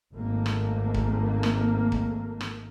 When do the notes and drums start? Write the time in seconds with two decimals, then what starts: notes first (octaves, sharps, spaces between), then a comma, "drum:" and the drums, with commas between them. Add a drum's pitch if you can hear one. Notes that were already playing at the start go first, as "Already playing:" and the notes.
0.13 G#1 G#2 A3 A#3
0.46 drum: rim click
0.94 drum: kick
1.43 drum: rim click
1.92 drum: kick
2.41 drum: rim click